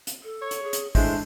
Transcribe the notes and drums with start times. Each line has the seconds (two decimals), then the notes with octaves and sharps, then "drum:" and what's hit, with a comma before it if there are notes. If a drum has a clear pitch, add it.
0.07 drum: hi-hat
0.23 A4
0.42 C#5
0.51 drum: hi-hat
0.63 G#4
0.73 drum: hi-hat
0.95 E3 G#3 A3 D4 C5, drum: kick, open hi-hat